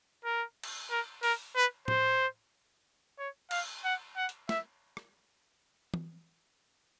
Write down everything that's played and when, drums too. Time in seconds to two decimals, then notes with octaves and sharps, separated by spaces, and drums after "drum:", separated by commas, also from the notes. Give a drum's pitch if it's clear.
0.25 A#4
0.63 drum: cymbal
0.91 A#4
1.23 A#4, drum: open hi-hat
1.56 B4
1.88 C5, drum: tom A2
3.19 C#5
3.51 F5, drum: cymbal
3.84 F#5
4.17 F#5
4.29 drum: hi-hat
4.49 E5, drum: snare
4.97 drum: rim click
5.94 drum: tom